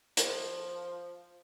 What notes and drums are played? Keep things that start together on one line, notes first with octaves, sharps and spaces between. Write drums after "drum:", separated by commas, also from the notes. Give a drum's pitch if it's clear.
F3, drum: hi-hat